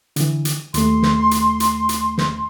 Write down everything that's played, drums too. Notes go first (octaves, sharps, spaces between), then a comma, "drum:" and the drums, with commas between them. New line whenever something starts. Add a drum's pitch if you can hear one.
D3 E3, drum: hi-hat
drum: hi-hat
D#2 A3 C6, drum: hi-hat
drum: snare
drum: hi-hat
drum: hi-hat
drum: hi-hat
drum: snare